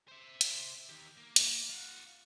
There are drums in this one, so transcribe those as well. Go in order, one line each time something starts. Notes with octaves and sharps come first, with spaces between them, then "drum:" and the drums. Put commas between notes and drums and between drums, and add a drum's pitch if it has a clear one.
C5 E5
drum: hi-hat
D#3 G4
A#3
drum: hi-hat
F4 F#5